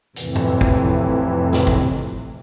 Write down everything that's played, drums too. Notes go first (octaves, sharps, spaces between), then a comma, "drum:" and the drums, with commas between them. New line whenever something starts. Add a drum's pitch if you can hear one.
F2 A2 C3 E3, drum: hi-hat
drum: tom F#2
drum: kick
drum: snare
drum: kick